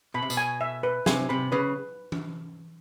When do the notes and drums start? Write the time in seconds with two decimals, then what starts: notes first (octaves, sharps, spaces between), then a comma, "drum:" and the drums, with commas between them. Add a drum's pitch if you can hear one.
0.14 B2 B5
0.23 C3
0.30 B2, drum: tambourine
0.37 G#5
0.61 E5
0.83 B4
1.06 C3 G#5, drum: snare
1.29 C3 B5
1.52 C#3 B4
2.12 drum: tom E3